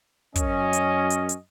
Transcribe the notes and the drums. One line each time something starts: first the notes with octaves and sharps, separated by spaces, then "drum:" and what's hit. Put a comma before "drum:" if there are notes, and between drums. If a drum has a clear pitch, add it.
F#2 C#4 D#5, drum: kick, hi-hat
drum: hi-hat
drum: hi-hat
drum: hi-hat